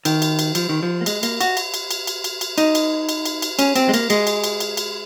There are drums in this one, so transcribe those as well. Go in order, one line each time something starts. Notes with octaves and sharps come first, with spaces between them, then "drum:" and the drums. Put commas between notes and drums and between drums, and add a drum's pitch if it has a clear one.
D#3, drum: cymbal
drum: cymbal
drum: cymbal
F3, drum: cymbal
D#3
F3
A#3
G#3, drum: cymbal
A#3, drum: cymbal
F#4, drum: cymbal
drum: cymbal
drum: cymbal
drum: cymbal
drum: cymbal
drum: cymbal
drum: cymbal
D#4, drum: cymbal
drum: cymbal
drum: cymbal
drum: cymbal
drum: cymbal
C#4, drum: cymbal
C4, drum: cymbal
G#3
A#3, drum: cymbal
G#3, drum: cymbal
drum: cymbal
drum: cymbal
drum: cymbal
drum: cymbal